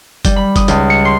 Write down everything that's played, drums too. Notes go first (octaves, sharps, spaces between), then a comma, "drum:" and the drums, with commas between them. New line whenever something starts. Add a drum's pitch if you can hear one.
G3, drum: kick F#1, hi-hat
B5
D#6, drum: kick F#1, hi-hat
C#2, drum: hi-hat
C#7
C6